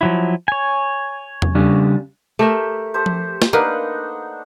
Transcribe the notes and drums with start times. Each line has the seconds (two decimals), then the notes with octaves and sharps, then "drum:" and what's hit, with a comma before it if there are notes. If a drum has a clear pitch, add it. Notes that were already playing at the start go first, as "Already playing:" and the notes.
0.01 F3 F#3 E4
0.48 C#5 G#5
1.42 drum: tom E2
1.55 C#3 G3 D4
2.39 A3 G4 A#4 E5
2.94 G4 A4 C5
3.06 drum: tom F3
3.42 drum: snare
3.53 A#3 D4 D#4 B4 F5 F#5